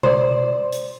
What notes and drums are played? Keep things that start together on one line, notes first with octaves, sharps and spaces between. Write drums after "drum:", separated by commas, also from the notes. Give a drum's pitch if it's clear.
C5 D5, drum: tom B2
drum: hi-hat